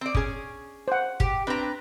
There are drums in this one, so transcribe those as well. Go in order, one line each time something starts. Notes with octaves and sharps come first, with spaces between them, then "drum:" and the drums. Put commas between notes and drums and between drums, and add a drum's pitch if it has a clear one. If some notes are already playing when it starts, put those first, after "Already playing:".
C4 D5
C#4 G#4, drum: kick
C5 F#5
G4, drum: kick
C4 D4 B4 A#5